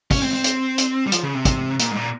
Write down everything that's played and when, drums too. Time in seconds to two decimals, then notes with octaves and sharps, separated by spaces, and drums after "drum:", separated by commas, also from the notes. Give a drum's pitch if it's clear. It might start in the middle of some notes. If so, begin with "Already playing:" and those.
0.11 C#4, drum: kick, open hi-hat
0.22 C4
0.33 C4
0.44 drum: hi-hat
0.78 drum: hi-hat
1.06 G3
1.12 F3, drum: hi-hat
1.23 C#3
1.34 C3
1.45 drum: kick, hi-hat
1.79 A#2, drum: hi-hat
1.91 G#2
1.96 A#2